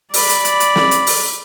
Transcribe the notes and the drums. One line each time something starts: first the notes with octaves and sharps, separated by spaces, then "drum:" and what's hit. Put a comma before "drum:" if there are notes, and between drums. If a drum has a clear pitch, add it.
D5 B5, drum: open hi-hat
drum: hi-hat
drum: hi-hat
drum: hi-hat
drum: snare
drum: hi-hat
drum: open hi-hat